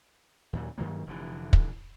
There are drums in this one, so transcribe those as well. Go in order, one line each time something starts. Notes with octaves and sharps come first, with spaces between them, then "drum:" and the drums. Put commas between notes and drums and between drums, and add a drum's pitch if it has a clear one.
D#2 A#2 F#3
G2 D#3 F#3 A#3
F1 D3 E3
drum: kick